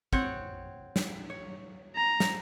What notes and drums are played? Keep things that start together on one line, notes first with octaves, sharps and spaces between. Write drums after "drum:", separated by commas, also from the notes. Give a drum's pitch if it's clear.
C4 C#5 F#5, drum: kick
drum: snare
C#5
A#5
drum: snare